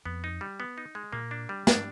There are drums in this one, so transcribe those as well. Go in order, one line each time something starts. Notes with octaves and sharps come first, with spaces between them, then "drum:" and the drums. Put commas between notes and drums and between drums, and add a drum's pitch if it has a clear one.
F2 B3
D#4
G3
B3
D#4
G#3
A#2 A#3
D4
G3
D4, drum: snare